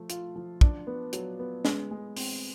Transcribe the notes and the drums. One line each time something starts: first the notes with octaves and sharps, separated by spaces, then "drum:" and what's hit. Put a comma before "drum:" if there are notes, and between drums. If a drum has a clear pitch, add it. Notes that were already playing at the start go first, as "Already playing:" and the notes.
Already playing: F3 A3
F4, drum: hi-hat
F3
D4, drum: kick
B3
F#3, drum: hi-hat
B3
G#3, drum: snare
G#3
C4, drum: open hi-hat